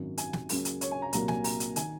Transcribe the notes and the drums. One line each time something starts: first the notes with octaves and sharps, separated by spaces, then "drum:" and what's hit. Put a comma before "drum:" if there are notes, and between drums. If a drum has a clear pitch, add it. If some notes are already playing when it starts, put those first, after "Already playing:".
Already playing: G#1 F#2 D#3 F#3 A#3
G#5, drum: hi-hat
drum: snare
C#2 C#3 F#3 A#3, drum: open hi-hat
drum: hi-hat
C#5, drum: hi-hat
G#5
A#5
C2 A#2 F#3 A#3 A#5, drum: hi-hat
G#5, drum: snare
A#5, drum: open hi-hat
drum: hi-hat
D#3 G#5, drum: hi-hat